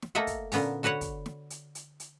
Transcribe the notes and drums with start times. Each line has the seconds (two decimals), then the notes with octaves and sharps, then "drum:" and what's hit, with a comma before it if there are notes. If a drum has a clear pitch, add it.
0.02 drum: snare
0.15 A3 A#3 A4 D#5 E5 F#5
0.27 drum: kick, hi-hat
0.52 A#2 D3 B3 C#4 A#5, drum: open hi-hat
0.83 D3 F#4 B4 C#5 F#5
1.01 drum: kick, hi-hat
1.26 drum: snare
1.50 drum: hi-hat
1.75 drum: hi-hat
2.00 drum: hi-hat